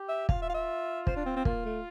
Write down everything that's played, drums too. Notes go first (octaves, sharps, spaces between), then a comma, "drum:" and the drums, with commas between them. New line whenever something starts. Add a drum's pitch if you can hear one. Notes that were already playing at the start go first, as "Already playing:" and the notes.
Already playing: G4
E5
F4 F5, drum: kick
E5
F5
E5
C5, drum: kick
D4
C4
C4
A#3 F4, drum: kick
A3